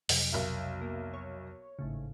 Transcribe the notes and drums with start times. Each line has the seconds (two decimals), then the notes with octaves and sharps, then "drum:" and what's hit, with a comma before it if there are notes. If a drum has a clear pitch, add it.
0.09 F2 C3 F#3, drum: open hi-hat
0.32 B1 A#4 E5
0.81 A#3
1.14 C#5
1.79 G#1 A2 C#3